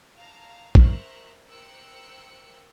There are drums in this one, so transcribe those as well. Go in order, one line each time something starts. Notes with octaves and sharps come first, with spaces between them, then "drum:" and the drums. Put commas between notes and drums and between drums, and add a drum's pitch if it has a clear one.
F5 A5 A#5
A#4 C5 E5 A#5 C#6 F#6, drum: kick A#1
A#4 C5 G5 E6 F#6 C#7